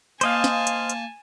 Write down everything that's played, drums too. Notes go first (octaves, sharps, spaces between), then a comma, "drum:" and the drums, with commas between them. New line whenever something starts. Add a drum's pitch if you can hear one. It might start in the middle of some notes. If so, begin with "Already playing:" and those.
A#3 C5 D#5 F5 G#5 A5, drum: hi-hat
drum: snare
drum: hi-hat
drum: hi-hat